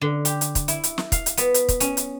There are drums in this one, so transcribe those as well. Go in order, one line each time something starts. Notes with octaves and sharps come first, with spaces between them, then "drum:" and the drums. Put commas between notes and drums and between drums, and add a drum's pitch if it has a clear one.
D3
G4, drum: hi-hat
drum: hi-hat
drum: kick, hi-hat
E4, drum: hi-hat
drum: hi-hat
drum: snare
F5, drum: kick, hi-hat
drum: hi-hat
B3, drum: hi-hat
drum: hi-hat
drum: kick, hi-hat
C#4, drum: hi-hat
drum: hi-hat